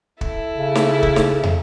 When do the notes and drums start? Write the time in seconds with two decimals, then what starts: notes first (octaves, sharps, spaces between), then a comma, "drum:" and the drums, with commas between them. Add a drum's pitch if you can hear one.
0.21 E4 A4, drum: kick
0.57 C#3
0.75 drum: snare
1.03 drum: kick
1.16 drum: snare
1.43 drum: tom